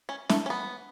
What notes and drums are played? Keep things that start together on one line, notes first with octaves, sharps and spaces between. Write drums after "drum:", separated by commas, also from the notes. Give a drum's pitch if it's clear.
C#4
A3, drum: snare
C#4
B3